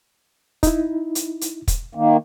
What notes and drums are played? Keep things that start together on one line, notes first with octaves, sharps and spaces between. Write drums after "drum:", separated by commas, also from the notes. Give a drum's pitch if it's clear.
D#4 E4, drum: kick, hi-hat
drum: hi-hat
drum: hi-hat
drum: kick, hi-hat
D#3 A#3